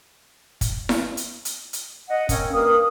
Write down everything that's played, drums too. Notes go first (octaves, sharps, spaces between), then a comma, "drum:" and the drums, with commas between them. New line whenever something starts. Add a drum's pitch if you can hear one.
drum: kick, hi-hat
drum: snare E4
drum: hi-hat
drum: hi-hat
drum: hi-hat
D#5 F#5
A#3 C4 C#4, drum: kick, hi-hat
G2 A#3 A#4 D#6